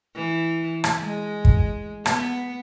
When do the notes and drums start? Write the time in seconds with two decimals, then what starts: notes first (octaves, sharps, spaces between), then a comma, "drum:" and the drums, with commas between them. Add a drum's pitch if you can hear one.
0.16 E3
0.84 drum: rim click
1.01 G#3
1.45 drum: kick
2.06 B3, drum: rim click